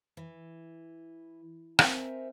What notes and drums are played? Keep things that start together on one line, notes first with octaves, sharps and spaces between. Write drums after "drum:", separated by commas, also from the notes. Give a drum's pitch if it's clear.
E3
C4 D#4 A#4 C5 E5 G#5, drum: rim click